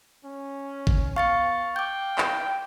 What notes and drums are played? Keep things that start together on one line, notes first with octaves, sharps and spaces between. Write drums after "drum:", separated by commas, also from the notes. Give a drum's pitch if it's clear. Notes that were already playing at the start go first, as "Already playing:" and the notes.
C#4
drum: kick G#1
B3 F5 C#6 A6 C#7
G5 D6 G6
drum: clap